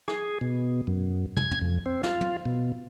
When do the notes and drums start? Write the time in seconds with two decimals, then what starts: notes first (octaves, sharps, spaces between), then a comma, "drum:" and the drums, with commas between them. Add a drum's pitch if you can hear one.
0.08 G#4, drum: rim click
0.41 B2
0.87 F#2
1.37 G#6, drum: tom
1.51 drum: tom
1.61 F2
1.86 C4
2.03 F4, drum: snare
2.21 drum: tom
2.46 B2